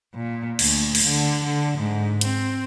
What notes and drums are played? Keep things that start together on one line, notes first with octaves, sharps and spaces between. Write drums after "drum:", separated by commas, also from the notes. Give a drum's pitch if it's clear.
A#2
D2, drum: cymbal
drum: cymbal
D3
D3
G#2
C4, drum: hi-hat